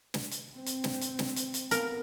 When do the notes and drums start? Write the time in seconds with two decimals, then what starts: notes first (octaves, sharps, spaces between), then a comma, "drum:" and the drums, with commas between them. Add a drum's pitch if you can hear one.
0.14 drum: snare
0.31 drum: hi-hat
0.53 C4
0.66 drum: hi-hat
0.84 drum: snare
1.01 drum: hi-hat
1.19 drum: snare
1.36 drum: hi-hat
1.54 drum: hi-hat
1.71 B3 A#4, drum: hi-hat